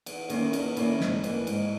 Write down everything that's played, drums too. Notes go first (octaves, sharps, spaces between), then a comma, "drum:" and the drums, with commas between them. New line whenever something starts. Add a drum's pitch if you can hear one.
E2, drum: cymbal
D#3 A#3 C#4 E4, drum: cymbal
E2, drum: cymbal
D#3 A#3 C#4 E4, drum: cymbal
G#2, drum: snare
E3 A#3, drum: cymbal
G#2, drum: cymbal